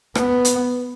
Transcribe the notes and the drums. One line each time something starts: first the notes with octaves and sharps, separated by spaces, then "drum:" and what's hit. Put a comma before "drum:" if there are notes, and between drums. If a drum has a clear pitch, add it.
B3, drum: rim click
drum: hi-hat